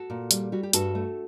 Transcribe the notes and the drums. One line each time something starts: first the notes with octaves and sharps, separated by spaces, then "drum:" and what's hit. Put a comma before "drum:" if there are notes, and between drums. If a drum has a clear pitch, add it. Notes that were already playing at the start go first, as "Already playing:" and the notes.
Already playing: F#4 A4
A#2
G3, drum: hi-hat
G3 F#4
G4
G2 F#4 A4, drum: hi-hat
A3